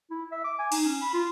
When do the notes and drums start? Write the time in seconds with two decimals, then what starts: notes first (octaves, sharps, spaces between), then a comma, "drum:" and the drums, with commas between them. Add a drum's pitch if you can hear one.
0.11 E4
0.32 E5
0.45 D6
0.59 G#5
0.72 D#4, drum: cymbal
0.85 C#4
1.02 B5
1.13 F4